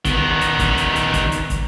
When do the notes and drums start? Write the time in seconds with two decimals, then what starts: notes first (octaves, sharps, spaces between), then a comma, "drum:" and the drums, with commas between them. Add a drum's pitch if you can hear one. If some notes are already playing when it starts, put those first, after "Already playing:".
0.05 D#3 B3, drum: kick, hi-hat
0.41 drum: hi-hat
0.59 drum: kick, hi-hat
0.77 drum: hi-hat
0.96 drum: hi-hat
1.14 drum: kick, hi-hat
1.32 drum: hi-hat
1.50 drum: kick, hi-hat